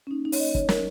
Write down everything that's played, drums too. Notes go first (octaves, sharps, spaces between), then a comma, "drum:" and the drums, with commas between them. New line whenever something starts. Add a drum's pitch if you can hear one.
C#4
A#3 D#4
D#4
C#5, drum: open hi-hat
A#3 D#5
C#5, drum: kick
F#3 A#4, drum: snare